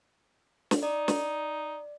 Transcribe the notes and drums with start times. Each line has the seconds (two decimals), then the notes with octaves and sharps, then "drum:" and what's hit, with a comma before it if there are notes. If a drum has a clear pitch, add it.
0.71 drum: snare
0.83 D#4 D5
1.08 drum: snare